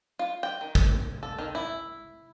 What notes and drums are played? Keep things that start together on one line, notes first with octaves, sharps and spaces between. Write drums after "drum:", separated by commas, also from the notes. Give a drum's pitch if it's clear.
F4
G5
D#3
drum: kick
A4
D#3
E4